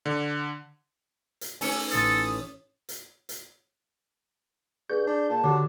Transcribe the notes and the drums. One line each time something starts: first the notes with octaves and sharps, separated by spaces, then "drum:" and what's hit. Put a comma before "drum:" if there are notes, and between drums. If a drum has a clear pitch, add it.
D3
drum: hi-hat
A3 C#4 D#4 E6 C#7, drum: open hi-hat
A1 C4 A4 D#6, drum: hi-hat
drum: hi-hat
drum: hi-hat
G2 G#4 G6
D4
A#2 A5
D3 F#3 G4 D6